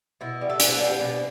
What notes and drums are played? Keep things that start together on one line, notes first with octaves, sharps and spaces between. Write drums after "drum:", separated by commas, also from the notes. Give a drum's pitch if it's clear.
B2 E4
G3 B3
A4
B2 B4, drum: hi-hat
G3 B3
B2